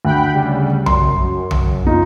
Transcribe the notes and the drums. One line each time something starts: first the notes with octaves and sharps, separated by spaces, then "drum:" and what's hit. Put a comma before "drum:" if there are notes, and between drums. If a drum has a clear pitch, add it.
D2 G5 B5 F#6
C#3 G3
F#2 C6, drum: tom B1
drum: tom B1
D#4 F4